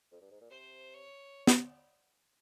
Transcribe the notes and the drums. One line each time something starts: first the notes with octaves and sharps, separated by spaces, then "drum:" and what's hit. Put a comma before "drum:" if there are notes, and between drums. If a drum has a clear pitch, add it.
F2
G2
G#2
A#2
C3 C5
C#5
drum: snare